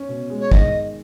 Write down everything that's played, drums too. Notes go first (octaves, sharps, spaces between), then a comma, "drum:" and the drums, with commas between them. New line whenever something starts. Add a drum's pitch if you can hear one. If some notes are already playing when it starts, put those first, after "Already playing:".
Already playing: C#4
B2
G#3
C#5
D#3 D#5, drum: kick